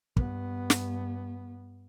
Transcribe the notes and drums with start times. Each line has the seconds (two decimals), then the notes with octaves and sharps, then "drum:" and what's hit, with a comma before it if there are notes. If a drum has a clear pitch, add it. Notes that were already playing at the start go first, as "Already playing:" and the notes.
0.17 G2 B3, drum: kick
0.70 drum: snare